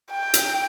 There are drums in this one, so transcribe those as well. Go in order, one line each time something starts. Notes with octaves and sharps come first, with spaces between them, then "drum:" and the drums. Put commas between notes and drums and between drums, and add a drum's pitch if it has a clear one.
G5
drum: hi-hat